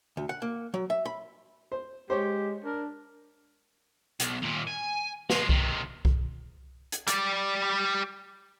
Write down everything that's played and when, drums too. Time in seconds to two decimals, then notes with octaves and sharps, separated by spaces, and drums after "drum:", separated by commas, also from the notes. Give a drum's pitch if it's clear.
0.17 D2
0.29 F#5
0.42 A#3
0.74 F#3
0.90 E5
1.05 B5
1.72 C5
2.10 G#3 G4 C5 C#5
2.64 D4 A#4
4.20 B1, drum: hi-hat
4.42 D#2 A#2
4.67 G#5
5.30 F3 G#3, drum: snare
5.49 C3 D#3, drum: kick C2
6.05 drum: kick C2
6.92 drum: hi-hat
7.08 G3 D5, drum: hi-hat